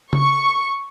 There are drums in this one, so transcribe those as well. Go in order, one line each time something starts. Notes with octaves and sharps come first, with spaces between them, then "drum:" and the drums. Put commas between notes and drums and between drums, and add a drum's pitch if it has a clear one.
C#6, drum: tom C#3